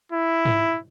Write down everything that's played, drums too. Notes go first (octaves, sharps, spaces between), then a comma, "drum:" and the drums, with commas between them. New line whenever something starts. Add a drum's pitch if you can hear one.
E4
drum: tom G#2